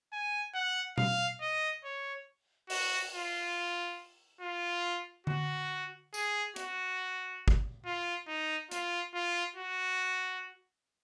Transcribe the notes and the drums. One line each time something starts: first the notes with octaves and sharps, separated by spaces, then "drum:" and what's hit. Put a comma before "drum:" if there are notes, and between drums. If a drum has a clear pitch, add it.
G#5
F#5
F5, drum: tom B2
D#5
C#5
F#4, drum: open hi-hat
F4
F4
F#4, drum: tom D3
G#4, drum: tambourine
F#4, drum: hi-hat
drum: kick
F4
D#4
F4, drum: hi-hat
F4
F#4